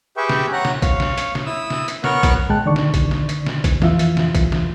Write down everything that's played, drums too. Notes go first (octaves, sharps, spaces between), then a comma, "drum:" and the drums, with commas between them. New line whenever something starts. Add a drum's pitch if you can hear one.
G4 G#4 B4 E5 G5 C#6
drum: snare
C#5 F#5 A#5 F#6
drum: snare
C#5 F5, drum: kick, hi-hat
drum: snare
drum: hi-hat
drum: snare
E4 D#6 E6
drum: snare
drum: hi-hat
B3 A#4 C#5 C#6 F6 F#6, drum: snare
drum: kick, hi-hat
D2 A2 G#3 G5 A5 F#6
D3 D#3 D5 C#6
drum: snare
drum: kick, hi-hat
drum: snare
drum: hi-hat
drum: snare
drum: kick, hi-hat
F2 E3 F4 E5 F5, drum: snare
drum: hi-hat
drum: snare
drum: kick, hi-hat
drum: snare